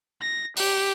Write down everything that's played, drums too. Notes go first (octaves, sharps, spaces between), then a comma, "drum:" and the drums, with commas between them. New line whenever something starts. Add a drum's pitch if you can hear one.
A#6
G4, drum: open hi-hat